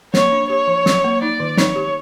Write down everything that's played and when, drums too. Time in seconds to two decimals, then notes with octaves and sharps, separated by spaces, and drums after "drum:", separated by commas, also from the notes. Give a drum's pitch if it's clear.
0.14 A#3 C#5, drum: snare
0.32 D4
0.49 G4 C#5
0.67 F3
0.86 F#3, drum: snare
1.04 A#3
1.22 D#4 D5
1.40 D#3
1.57 D#4 C#5, drum: snare
1.75 G4